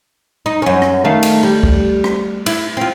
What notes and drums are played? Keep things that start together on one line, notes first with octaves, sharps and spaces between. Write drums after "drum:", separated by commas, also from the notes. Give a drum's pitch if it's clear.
D#4
F#2 C#4
drum: rim click
D#3 A3 F5
drum: cymbal
G3
drum: kick
drum: rim click
E4, drum: cymbal
C4 F4